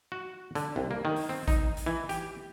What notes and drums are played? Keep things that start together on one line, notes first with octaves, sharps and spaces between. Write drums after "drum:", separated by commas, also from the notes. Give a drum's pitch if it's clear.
F#4
D3, drum: hi-hat
C2
A#3
D#3
drum: open hi-hat
C4
D#4, drum: kick G#1, hi-hat
drum: hi-hat
E3
G4, drum: hi-hat